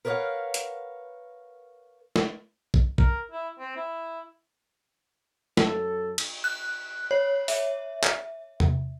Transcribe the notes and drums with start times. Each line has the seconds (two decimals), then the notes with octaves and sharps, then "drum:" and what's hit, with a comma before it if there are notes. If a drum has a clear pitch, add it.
0.05 A#4 B4 C#5 D#5 F5 F#5
0.54 drum: hi-hat
2.16 drum: snare
2.74 drum: kick
2.98 A#4, drum: kick
3.31 E4
3.59 C4
3.76 E4
5.57 F#2 A4, drum: snare
6.18 drum: cymbal
6.44 F#6
7.11 C#5
7.48 E5, drum: open hi-hat
8.04 drum: clap
8.60 drum: tom